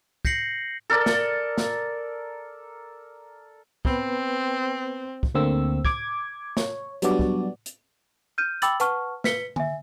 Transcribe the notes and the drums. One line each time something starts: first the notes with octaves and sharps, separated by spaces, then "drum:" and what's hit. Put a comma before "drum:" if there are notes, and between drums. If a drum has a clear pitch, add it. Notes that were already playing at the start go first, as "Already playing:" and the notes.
G6 A#6 C7 C#7 F#7, drum: kick
A4 A#4 D5
drum: snare
drum: snare
B3 C4 B4, drum: kick
drum: kick
D2 D3 A#3 C4 E6
D6 G#6, drum: kick
C#5, drum: snare
F#3 G3 B3 D4 F#4 D5, drum: hi-hat
drum: kick
drum: hi-hat
F6 G6 D#7
G5 B5 D6 E6 A6 F#7, drum: hi-hat
B4 F#5 A5 C#6 F6, drum: hi-hat
B4 B6 C#7 G7, drum: snare
E5 G#5, drum: tom D3